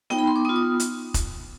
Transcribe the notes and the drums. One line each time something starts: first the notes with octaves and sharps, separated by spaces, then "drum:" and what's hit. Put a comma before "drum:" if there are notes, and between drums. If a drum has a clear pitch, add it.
B3 D#4 G5, drum: snare F4
B5
C6
D6
B3 F4 D#6
D#6
drum: hi-hat
drum: kick E1, hi-hat